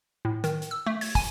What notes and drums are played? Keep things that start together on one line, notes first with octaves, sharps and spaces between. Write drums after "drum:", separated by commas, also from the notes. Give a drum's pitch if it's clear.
A2
D#3, drum: hi-hat
drum: hi-hat
E6
A3
G#6, drum: open hi-hat
G#5, drum: kick, open hi-hat